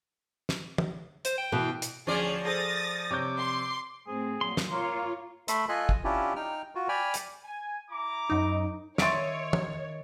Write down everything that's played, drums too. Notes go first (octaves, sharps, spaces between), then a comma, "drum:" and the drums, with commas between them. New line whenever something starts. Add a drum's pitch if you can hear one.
drum: snare
drum: tom
C5, drum: hi-hat
G5
B2 E3
drum: hi-hat
D1 F3 C#4 G#4 C#5 D5
G#4 A4 C5 D#6 A6 A#6
C3 C#5 D6 G6
C6
A2 C4 G#4
A#2 F#3 C6
drum: snare
A#3 F4 C#5
A3 A4 E5 B5 C6, drum: hi-hat
F4 A4 D#5 G#5 C6 F#6
drum: kick
C#4 D4 E4 F4 G4
D#4 G5 F6
F4 F#4
D5 G5 G#5 B5 F6
drum: hi-hat
G#5
E4 A#5 D6
F#2 D#4
D#3 C#5 D#5 E5 C6 C#6 A6 D7, drum: snare
drum: tom